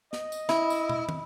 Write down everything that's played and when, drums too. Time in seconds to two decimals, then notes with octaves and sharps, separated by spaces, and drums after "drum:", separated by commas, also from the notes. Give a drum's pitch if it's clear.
0.13 D#5, drum: snare
0.32 drum: tambourine
0.49 E4, drum: snare
0.70 drum: tambourine
0.89 drum: tom
1.09 drum: tom